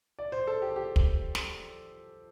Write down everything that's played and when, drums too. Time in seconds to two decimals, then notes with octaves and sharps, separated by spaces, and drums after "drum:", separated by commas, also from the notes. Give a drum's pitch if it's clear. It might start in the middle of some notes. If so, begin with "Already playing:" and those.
0.19 D5
0.32 C5
0.47 A4
0.62 G4
0.76 G4
0.96 drum: kick
1.35 drum: snare